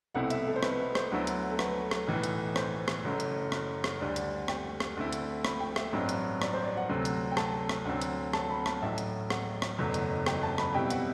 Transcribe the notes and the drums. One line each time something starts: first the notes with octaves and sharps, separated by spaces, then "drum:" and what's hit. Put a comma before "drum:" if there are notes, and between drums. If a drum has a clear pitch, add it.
C2 B2 A3 C4 E4 F#5
E5, drum: hi-hat
A4
C5
B4, drum: rim click
B4
C5, drum: rim click
D2 D3 F#3 B3 E4
drum: hi-hat
A4
B4, drum: rim click
drum: rim click
B1 A2 E3
drum: hi-hat
C5, drum: rim click
drum: rim click
F#1 F#2 F#3 A3
drum: hi-hat
drum: rim click
drum: rim click
D2 D3 G3 D4
drum: hi-hat
G5, drum: rim click
drum: rim click
D2 D3 A3 C4 E4
drum: hi-hat
B5, drum: rim click
G5
E5, drum: rim click
A1 G2 F#3 C4
drum: hi-hat
D5, drum: rim click
C5
D5
F#5
D2 C3 F#3 A3 C4
drum: hi-hat
G5
A5, drum: rim click
drum: rim click
D2 D3 F#3 C4
drum: hi-hat
A5, drum: rim click
B5
A5, drum: rim click
A1 A2 F#3 E5
drum: hi-hat
F#5, drum: rim click
drum: rim click
F#1 E2 B2 F#3 A3
drum: hi-hat
G5, drum: rim click
A5
B5, drum: rim click
B2 G3 C4 E4 G4 G5
F#5, drum: hi-hat